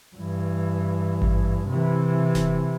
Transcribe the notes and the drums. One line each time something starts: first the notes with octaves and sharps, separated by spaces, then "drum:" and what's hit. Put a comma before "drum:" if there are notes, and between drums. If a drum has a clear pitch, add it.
G2 E3
drum: kick G#1
C3 E3
drum: snare E1